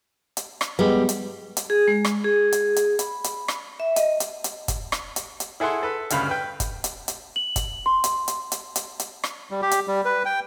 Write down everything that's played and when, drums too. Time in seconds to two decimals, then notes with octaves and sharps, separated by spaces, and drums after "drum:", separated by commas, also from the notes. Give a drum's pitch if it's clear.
0.37 drum: hi-hat
0.61 drum: rim click
0.79 G3 G#3 B3
1.09 drum: hi-hat
1.57 drum: hi-hat
1.70 G#4
1.88 G#3
2.05 drum: rim click
2.24 G#4
2.52 drum: hi-hat
2.76 drum: hi-hat
2.99 B5, drum: hi-hat
3.24 drum: hi-hat
3.48 drum: rim click
3.80 E5
3.96 D#5, drum: hi-hat
4.20 drum: hi-hat
4.44 drum: hi-hat
4.68 drum: kick, hi-hat
4.92 drum: rim click
5.16 drum: hi-hat
5.40 drum: hi-hat
5.60 E4 G#4 A4 F#5 C6
5.83 A4 B4
6.10 D2 G2 C#3 F5 B5, drum: hi-hat
6.29 B4 G5
6.60 drum: kick, hi-hat
6.84 drum: hi-hat
7.08 drum: hi-hat
7.36 F#7
7.56 drum: kick, hi-hat
7.86 C6
8.04 drum: hi-hat
8.28 drum: hi-hat
8.52 drum: hi-hat
8.76 drum: hi-hat
9.00 drum: hi-hat
9.24 drum: rim click
9.51 G3
9.62 G4
9.71 drum: hi-hat
9.88 G3
10.05 B4
10.25 G5